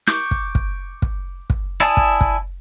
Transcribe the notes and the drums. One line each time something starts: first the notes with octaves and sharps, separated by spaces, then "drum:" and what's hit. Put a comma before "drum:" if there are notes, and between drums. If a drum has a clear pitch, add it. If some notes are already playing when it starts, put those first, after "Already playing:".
C#6 D6 G6, drum: snare
drum: kick
drum: kick
drum: kick
drum: kick
E4 D5 G#5 A5 D#6
drum: kick
drum: kick